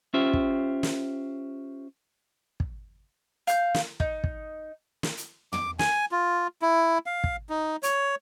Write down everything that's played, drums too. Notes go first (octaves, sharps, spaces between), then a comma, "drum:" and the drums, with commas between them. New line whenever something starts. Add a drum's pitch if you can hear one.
C#4 F4 G4 C5 E5
drum: kick
drum: snare
drum: kick
F5 G6, drum: hi-hat
drum: snare
D#4, drum: kick
drum: kick
drum: snare
drum: hi-hat
D6, drum: tom
G#5, drum: snare
F4
E4
F5
drum: kick
D#4
C#5, drum: hi-hat